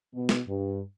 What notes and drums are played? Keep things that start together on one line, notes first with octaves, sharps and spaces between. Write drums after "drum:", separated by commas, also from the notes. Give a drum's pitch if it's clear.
B2
drum: snare
G2